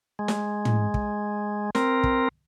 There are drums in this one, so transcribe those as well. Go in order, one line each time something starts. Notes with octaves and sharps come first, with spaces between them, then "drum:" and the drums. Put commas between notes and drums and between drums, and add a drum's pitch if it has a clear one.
G#3
drum: snare
drum: tom
drum: kick
C4 A#4, drum: snare
drum: kick